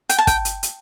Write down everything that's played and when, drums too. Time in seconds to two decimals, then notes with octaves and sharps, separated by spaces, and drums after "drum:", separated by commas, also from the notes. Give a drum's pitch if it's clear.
0.09 G5, drum: hi-hat
0.18 A5
0.27 G5, drum: kick, hi-hat
0.45 drum: hi-hat
0.63 drum: hi-hat